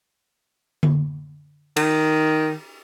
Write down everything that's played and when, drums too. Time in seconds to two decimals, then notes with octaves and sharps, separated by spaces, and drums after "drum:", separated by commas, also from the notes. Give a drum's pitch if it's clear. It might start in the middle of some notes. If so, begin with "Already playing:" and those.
0.83 drum: tom D3
1.77 D#3, drum: cymbal